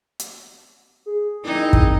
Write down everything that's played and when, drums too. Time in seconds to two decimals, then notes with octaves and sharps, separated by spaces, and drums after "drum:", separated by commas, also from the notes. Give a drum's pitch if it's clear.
0.20 drum: hi-hat
1.06 G#4
1.45 D#3 C4 D#4 E4
1.73 drum: kick